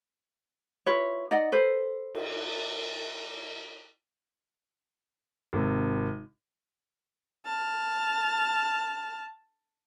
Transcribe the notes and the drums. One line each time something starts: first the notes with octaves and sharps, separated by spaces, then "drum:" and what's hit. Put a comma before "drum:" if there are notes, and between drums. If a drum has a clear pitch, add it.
E4 F4 B4 C#5
D#4 D5 D#5 F#5
A4 B4 C5
drum: cymbal
G#1 C3
A5 F6